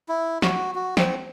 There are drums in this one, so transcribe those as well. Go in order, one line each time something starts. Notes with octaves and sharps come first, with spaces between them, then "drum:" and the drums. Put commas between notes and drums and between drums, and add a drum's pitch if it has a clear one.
E4
F#4, drum: snare
F#4
C4, drum: snare